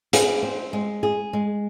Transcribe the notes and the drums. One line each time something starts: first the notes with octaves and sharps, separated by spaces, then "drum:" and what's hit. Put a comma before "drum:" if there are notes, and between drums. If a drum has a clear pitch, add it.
G#4, drum: hi-hat
C4
G#3
G#4
G#3